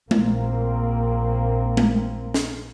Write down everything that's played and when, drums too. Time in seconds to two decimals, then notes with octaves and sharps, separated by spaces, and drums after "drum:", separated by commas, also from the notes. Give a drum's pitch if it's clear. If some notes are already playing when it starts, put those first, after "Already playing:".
0.11 A#1 A#3 C4, drum: tom G#3
1.77 drum: tom G#3
2.34 drum: snare